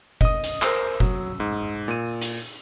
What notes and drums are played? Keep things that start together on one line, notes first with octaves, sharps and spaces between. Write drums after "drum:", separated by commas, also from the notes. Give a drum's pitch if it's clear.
D#5 D#6, drum: kick F#1
drum: hi-hat
A#4 C5 E6, drum: clap
F#3, drum: kick F#1
G#2
A#2 D#7
drum: hi-hat